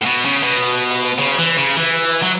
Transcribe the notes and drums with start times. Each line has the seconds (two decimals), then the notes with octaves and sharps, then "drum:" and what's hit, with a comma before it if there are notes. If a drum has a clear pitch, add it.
0.02 A2
0.05 B2
0.25 C#3
0.43 B2
0.63 drum: cymbal
0.91 drum: cymbal
1.05 drum: cymbal
1.19 C#3, drum: cymbal
1.39 E3
1.58 C#3
1.76 E3, drum: cymbal
2.04 drum: cymbal
2.22 F#3